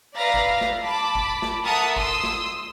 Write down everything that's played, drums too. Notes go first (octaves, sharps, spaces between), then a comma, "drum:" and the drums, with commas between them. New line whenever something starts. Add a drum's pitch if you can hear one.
B4 D5 E5 F5 A#5 A#6
drum: kick G#1
drum: snare
A5 B5 D6
drum: kick G#1
drum: snare
A4 A#4 E5 F#5 A5 D#6
C6 D#6 E6, drum: kick G#1
drum: snare